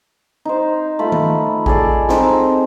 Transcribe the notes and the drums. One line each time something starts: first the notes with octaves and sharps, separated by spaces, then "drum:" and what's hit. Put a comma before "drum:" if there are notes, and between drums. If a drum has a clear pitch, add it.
D#4 C5
A3 F4 B5
drum: tom D#3
G#4 A4 D5, drum: kick A1
C4 D#4, drum: snare